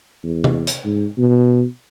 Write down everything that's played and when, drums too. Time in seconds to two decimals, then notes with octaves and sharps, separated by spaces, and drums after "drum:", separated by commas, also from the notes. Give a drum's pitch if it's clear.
0.23 E2
0.44 drum: tom C3
0.67 drum: hi-hat
0.85 G#2
1.18 B2